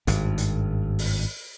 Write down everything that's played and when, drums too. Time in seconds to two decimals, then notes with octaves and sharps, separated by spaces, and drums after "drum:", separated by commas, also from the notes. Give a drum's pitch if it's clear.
0.07 G#1 G2, drum: hi-hat
0.38 drum: hi-hat
0.99 drum: open hi-hat